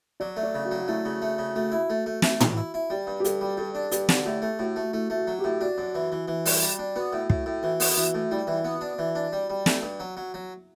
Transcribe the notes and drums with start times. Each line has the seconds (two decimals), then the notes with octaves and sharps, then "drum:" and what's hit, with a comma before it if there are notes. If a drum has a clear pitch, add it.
0.20 F#3 D5
0.37 A3
0.43 D5
0.55 C#3
0.65 F#4
0.71 F#3
0.79 F#4
0.88 A3 E4
1.05 C#3
1.22 A3
1.38 C#3
1.55 A3 F#4
1.72 E4
1.90 A3
2.06 A3
2.22 A3, drum: snare
2.40 E3, drum: tom
2.57 E4
2.74 E4
2.90 G3 G4
3.07 G2
3.20 G4
3.24 G2 A4, drum: hi-hat
3.41 G3
3.57 G2 A4
3.75 D4
3.92 G2 G4, drum: hi-hat
4.09 D3, drum: snare
4.25 A2 G4
4.42 A3
4.59 A2 F#4
4.76 A3
4.93 A3 E4
5.10 A3
5.16 F#4
5.27 F#3
5.38 G4
5.44 A2
5.61 D4 F#4
5.78 F#2
5.95 E3
6.12 E3
6.28 E3
6.46 G3, drum: open hi-hat
6.61 G3
6.79 D4
6.96 B3 F#4
7.13 A2
7.30 A2, drum: kick
7.46 A2
7.63 E3 F#4
7.80 B3, drum: open hi-hat
7.97 E3 F#4
8.14 A2
8.31 G3 E4
8.47 E3
8.53 E4
8.65 B3
8.76 F#4
8.81 D4
8.99 E3
9.15 D4
9.33 G3
9.50 G3
9.66 A3, drum: snare
9.82 G2
10.00 F#3
10.17 F#3
10.34 F#3